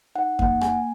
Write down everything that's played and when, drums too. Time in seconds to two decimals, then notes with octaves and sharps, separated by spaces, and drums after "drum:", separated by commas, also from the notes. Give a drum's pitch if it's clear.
0.15 D#4 F#5
0.39 A#3 F#5, drum: kick F2
0.61 A#3 G#5, drum: rim click